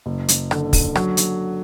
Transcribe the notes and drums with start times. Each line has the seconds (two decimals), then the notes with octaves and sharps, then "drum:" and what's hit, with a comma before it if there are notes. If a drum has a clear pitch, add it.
0.06 F#1
0.28 drum: hi-hat
0.51 D3, drum: rim click
0.73 drum: kick, open hi-hat
0.95 F#3, drum: rim click
1.17 drum: hi-hat